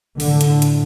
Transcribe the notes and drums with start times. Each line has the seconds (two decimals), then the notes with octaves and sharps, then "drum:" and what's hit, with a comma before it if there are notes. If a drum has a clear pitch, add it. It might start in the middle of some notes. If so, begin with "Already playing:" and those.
0.20 A2 D3, drum: open hi-hat
0.41 drum: hi-hat
0.62 drum: hi-hat